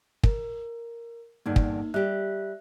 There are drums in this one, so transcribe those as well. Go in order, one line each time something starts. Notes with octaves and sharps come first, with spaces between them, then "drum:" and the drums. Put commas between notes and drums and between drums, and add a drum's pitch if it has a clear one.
A#4, drum: kick
E2 G2 D3 A#3 D#4
drum: kick
G3 G4 E5 F#6